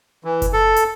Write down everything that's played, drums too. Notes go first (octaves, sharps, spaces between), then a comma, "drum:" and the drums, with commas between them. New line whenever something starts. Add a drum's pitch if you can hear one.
E3
drum: kick F#1, hi-hat
A4
drum: hi-hat